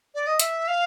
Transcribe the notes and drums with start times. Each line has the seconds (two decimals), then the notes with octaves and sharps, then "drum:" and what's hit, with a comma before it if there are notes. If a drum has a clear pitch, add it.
0.15 D5
0.27 D#5
0.40 E5, drum: hi-hat
0.68 F5